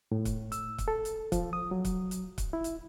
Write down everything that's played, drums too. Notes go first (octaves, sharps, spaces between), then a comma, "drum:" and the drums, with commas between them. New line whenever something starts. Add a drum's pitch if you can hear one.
A2
drum: kick, hi-hat
E6, drum: hi-hat
drum: kick, hi-hat
A4
drum: hi-hat
F3, drum: kick, hi-hat
D#6
F#3
drum: kick, hi-hat
drum: hi-hat
drum: kick, hi-hat
E4
drum: hi-hat